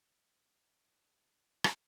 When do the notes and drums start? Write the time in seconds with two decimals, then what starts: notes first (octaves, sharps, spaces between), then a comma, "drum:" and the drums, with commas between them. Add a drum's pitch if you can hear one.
0.52 C3 F3 G3 B3 D4 E4
1.64 drum: rim click